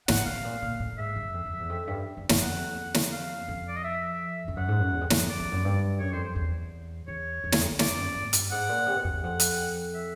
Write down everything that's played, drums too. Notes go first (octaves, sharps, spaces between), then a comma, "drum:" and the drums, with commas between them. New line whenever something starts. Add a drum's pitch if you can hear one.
G#2 F#5, drum: snare
A2 F5
A#2
A#2
A2
G#2 E5
F#2
F2
F2
E2
F2
G2
F#2
F#2, drum: snare
F2 F#5
drum: snare
F5
F2
D5
D#5
E5
F2
F#2 F#5
G#2
F#2
E2
F2
F#2, drum: snare
F2
D5
F2
F#2
G2
F#2 C#5
F2 C5
C5
E2
E2 C#5
F2
E2, drum: snare
F2
F#2
G2 D5, drum: snare
F2
F#2
G#2
G2, drum: hi-hat
G#2 F#5
A#2
C3
B2
F2
E2
F2 F#5
drum: hi-hat
E5